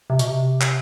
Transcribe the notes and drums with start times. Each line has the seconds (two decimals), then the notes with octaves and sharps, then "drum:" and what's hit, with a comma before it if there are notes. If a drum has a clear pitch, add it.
0.10 C3
0.19 B2, drum: hi-hat
0.28 C3
0.61 drum: clap